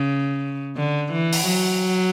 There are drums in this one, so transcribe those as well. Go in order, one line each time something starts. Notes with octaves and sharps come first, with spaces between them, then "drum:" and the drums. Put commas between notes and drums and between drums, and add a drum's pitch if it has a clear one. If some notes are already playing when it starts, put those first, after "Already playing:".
Already playing: C#3
D3
E3
drum: open hi-hat
F#3